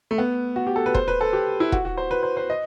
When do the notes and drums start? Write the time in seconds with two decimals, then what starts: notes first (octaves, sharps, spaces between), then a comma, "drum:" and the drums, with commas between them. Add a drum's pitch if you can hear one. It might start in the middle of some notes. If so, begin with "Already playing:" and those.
0.11 A3
0.18 B3
0.56 F#4
0.67 G4
0.76 A4
0.86 B4
0.95 C5, drum: kick E1
1.08 B4
1.21 A4
1.33 G4
1.60 E4
1.72 F#4, drum: kick E1
1.85 F#4
1.97 C5
2.11 B4
2.23 C5
2.37 C5
2.50 D#5